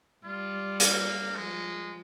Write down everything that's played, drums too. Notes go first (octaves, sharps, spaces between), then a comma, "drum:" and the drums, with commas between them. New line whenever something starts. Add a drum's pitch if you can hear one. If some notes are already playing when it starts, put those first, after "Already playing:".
G3 F4
A#3, drum: hi-hat
F3 G#3